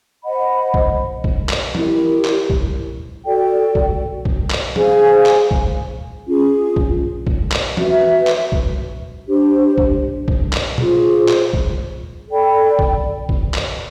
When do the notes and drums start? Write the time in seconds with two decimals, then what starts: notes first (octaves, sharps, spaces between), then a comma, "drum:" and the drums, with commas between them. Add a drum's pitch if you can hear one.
0.24 C5 D#5 F#5 B5
0.74 drum: kick
1.24 drum: kick
1.49 drum: clap
1.75 E4 G4 A#4, drum: tom E3
2.25 drum: clap
2.50 drum: kick
3.25 F#4 A4 D5 G5
3.75 drum: kick
4.25 drum: kick
4.50 drum: clap
4.76 G#4 C5 F5 G#5, drum: tom E3
5.26 drum: clap
5.51 drum: kick
6.27 C#4 F4 G#4
6.76 drum: kick
7.27 drum: kick
7.52 drum: clap
7.77 F#4 B4 E5, drum: tom E3
8.27 drum: clap
8.52 drum: kick
9.27 D4 G4 C5
9.78 drum: kick
10.28 drum: kick
10.53 drum: clap
10.78 F4 G#4 C5, drum: tom A#2
11.28 drum: clap
11.53 drum: kick
12.29 A4 D5 G5 B5
12.79 drum: kick
13.29 drum: kick
13.54 drum: clap